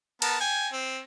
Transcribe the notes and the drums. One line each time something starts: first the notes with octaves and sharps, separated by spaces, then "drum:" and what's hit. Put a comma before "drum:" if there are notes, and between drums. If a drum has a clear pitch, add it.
B3 A#4 A5, drum: cymbal
G5 G#5
C4